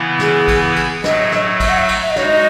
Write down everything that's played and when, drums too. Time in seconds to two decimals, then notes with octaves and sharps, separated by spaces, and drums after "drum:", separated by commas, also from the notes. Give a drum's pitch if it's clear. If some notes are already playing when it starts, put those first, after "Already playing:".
Already playing: C#3 E3 B3 E4
0.19 G#4, drum: snare
0.48 drum: kick, cymbal
0.76 drum: cymbal
1.04 A2 F#3 A3 D#5, drum: snare
1.32 drum: snare
1.60 E5, drum: kick, cymbal
1.69 F#5
1.79 E5
1.88 drum: cymbal
2.02 E5
2.10 D#5
2.16 G#3 D#4 F#4 C#5, drum: snare
2.25 D#5